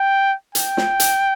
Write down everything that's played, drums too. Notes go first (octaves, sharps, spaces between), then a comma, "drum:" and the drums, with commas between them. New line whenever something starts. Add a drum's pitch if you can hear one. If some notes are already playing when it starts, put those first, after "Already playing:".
Already playing: G5
G5, drum: hi-hat
drum: snare
drum: hi-hat